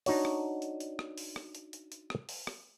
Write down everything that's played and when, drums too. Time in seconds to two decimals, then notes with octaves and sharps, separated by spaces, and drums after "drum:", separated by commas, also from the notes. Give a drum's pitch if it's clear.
0.06 D4 D#4 F#4 C#5, drum: open hi-hat
0.25 drum: rim click
0.62 drum: hi-hat
0.80 drum: hi-hat
0.99 drum: rim click
1.18 drum: open hi-hat
1.36 drum: rim click
1.55 drum: hi-hat
1.73 drum: hi-hat
1.92 drum: hi-hat
2.10 drum: rim click
2.29 drum: open hi-hat
2.47 drum: rim click